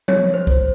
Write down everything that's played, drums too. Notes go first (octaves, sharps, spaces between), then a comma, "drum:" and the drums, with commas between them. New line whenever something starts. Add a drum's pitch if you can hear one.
C#5, drum: tom F3
C5
drum: kick C2